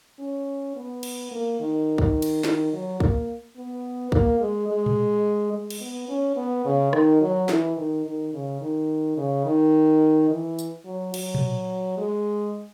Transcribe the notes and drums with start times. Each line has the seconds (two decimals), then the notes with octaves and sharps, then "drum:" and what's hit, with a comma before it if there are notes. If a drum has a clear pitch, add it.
0.19 C#4
0.76 B3
1.03 drum: cymbal
1.31 A#3
1.60 D#3
1.98 drum: kick
2.22 drum: cymbal
2.44 D#3, drum: snare
2.72 F#3
3.00 A#3, drum: kick
3.56 B3
4.12 A#3, drum: kick
4.40 G#3
4.68 G#3
4.86 drum: tom A#2
5.53 G#3
5.70 drum: cymbal
5.81 B3
6.09 C#4
6.36 B3
6.66 C#3
6.93 D#3, drum: rim click
7.21 F#3
7.49 E3, drum: snare
7.77 D#3
8.05 D#3
8.34 C#3
8.61 D#3
9.17 C#3
9.45 D#3
10.30 E3
10.59 drum: tambourine
10.85 F#3
11.14 F#3, drum: cymbal
11.35 drum: tom A#2
11.97 G#3